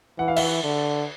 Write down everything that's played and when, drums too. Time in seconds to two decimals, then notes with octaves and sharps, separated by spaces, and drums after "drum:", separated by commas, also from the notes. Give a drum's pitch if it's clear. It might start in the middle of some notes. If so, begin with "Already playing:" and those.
0.19 E3 F#5
0.28 F5
0.36 E5 F#5, drum: cymbal
0.64 D3